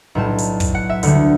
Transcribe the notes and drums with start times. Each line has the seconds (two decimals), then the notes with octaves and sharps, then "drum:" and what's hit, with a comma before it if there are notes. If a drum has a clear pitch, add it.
0.15 B1 A2 G3 A5
0.38 drum: hi-hat
0.60 drum: kick, hi-hat
0.75 F#5
0.89 E5
1.03 D2 D3 G3 F#5, drum: hi-hat